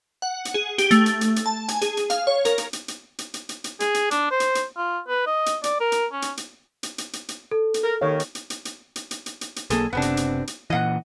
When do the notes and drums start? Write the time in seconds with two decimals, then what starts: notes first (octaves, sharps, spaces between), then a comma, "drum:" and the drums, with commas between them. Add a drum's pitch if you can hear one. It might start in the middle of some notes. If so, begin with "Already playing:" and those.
0.22 F#5
0.45 drum: hi-hat
0.54 G#4
0.78 G4, drum: hi-hat
0.91 A3, drum: hi-hat
1.06 drum: hi-hat
1.21 drum: hi-hat
1.36 drum: hi-hat
1.46 A5
1.68 G#5, drum: hi-hat
1.82 G#4, drum: hi-hat
1.97 drum: hi-hat
2.10 F5, drum: hi-hat
2.27 C#5
2.45 A#4, drum: hi-hat
2.58 drum: hi-hat
2.73 drum: hi-hat
2.88 drum: hi-hat
3.19 drum: hi-hat
3.34 drum: hi-hat
3.49 drum: hi-hat
3.64 drum: hi-hat
3.80 G#4, drum: hi-hat
3.94 drum: hi-hat
4.11 D4, drum: hi-hat
4.31 C5
4.40 drum: hi-hat
4.55 drum: hi-hat
4.77 F4
5.08 B4
5.27 D#5
5.46 drum: hi-hat
5.64 D5, drum: hi-hat
5.80 A#4
5.92 drum: hi-hat
6.13 C#4
6.22 drum: hi-hat
6.37 drum: hi-hat
6.83 drum: hi-hat
6.98 drum: hi-hat
7.13 drum: hi-hat
7.29 drum: hi-hat
7.51 A4
7.74 drum: hi-hat
7.83 A#4
8.01 D#2 D#3 C#5 F5
8.20 drum: hi-hat
8.35 drum: hi-hat
8.50 drum: hi-hat
8.65 drum: hi-hat
8.96 drum: hi-hat
9.11 drum: hi-hat
9.26 drum: hi-hat
9.41 drum: hi-hat
9.56 drum: hi-hat
9.70 B1 A#3 G#4 A4, drum: hi-hat
9.93 F#1 C3 B3 C4 D4
10.02 drum: hi-hat
10.17 drum: hi-hat
10.47 drum: hi-hat
10.70 A#2 E3 D#5 F5 F#5